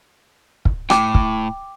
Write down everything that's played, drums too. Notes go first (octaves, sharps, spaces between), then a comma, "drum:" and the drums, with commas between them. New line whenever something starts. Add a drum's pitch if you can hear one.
drum: kick
A2 G5 D6, drum: rim click
drum: kick